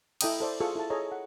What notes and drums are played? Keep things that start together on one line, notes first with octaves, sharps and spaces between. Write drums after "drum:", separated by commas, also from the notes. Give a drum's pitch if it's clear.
E4 A4 D#5 G5 A#5 D#6, drum: cymbal
A4 C5 D5
F4 G#4 A4 C#6
E4 A4 A5
G#4 A4 C#5 D#5 A#5
F#5